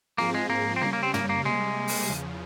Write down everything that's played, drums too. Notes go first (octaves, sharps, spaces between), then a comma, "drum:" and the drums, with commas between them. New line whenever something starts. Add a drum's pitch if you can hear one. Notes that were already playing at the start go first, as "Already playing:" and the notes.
G#2 F3 A#3 C4 F4 G#4
G#3
A#3
C4
C#3 G3 A#3 C#4
A#3
C4
A#3, drum: tom
A#3
C3 G3 G#3 A#3
drum: open hi-hat
E2 C#3 F3